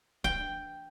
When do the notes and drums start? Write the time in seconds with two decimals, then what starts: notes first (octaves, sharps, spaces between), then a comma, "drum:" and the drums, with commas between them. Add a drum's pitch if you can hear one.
0.24 G5, drum: kick C#1